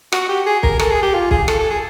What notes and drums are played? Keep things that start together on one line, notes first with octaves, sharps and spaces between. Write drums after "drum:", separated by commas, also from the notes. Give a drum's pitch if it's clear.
F#4, drum: rim click
G4
G#4
A#4, drum: kick
A4, drum: rim click
G#4
G4
F4
G#4, drum: kick
A4, drum: rim click
A4
G#4